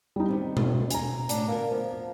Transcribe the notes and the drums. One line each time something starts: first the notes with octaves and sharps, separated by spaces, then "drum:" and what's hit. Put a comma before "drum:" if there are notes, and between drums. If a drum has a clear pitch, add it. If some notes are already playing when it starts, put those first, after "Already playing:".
G3 D#4
D#3 G3 B3 C4
drum: tom B2
G#5 A#5, drum: hi-hat
A2 D4, drum: hi-hat
D3 A#3 B3 A#4
F3 B3